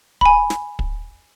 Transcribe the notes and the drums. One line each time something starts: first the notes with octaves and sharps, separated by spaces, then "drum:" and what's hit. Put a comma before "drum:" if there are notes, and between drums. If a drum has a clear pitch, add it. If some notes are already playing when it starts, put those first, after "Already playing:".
G#5 B5, drum: kick
drum: snare
drum: kick